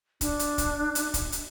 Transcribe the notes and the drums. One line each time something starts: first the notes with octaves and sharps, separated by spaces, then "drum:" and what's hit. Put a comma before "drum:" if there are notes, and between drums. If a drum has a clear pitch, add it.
D4, drum: kick, hi-hat
drum: hi-hat
drum: kick, hi-hat
drum: hi-hat
drum: kick, hi-hat
drum: hi-hat